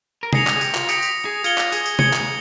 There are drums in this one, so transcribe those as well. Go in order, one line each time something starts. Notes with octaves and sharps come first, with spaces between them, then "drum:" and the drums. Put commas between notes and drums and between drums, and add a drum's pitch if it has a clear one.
A#4
G#4 D#6 A#6 C#7 F7, drum: tom C3
drum: clap
G#4
G4, drum: tambourine
F4, drum: clap
G4 D#6 A#6 C#7 F7, drum: tambourine
drum: tambourine
G#4
F4 G#6 C#7 G7, drum: tambourine
drum: clap
G#4, drum: tambourine
drum: tambourine
G#4 G#6 C#7 G7, drum: tom C3
drum: clap